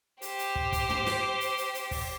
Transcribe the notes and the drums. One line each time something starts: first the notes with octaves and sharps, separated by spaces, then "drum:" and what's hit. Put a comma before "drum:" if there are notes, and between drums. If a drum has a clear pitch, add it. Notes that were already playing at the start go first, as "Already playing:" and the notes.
G4 C5, drum: hi-hat
drum: hi-hat
drum: kick
drum: kick, hi-hat
drum: tom
drum: snare
drum: hi-hat
drum: hi-hat
drum: hi-hat
drum: kick, open hi-hat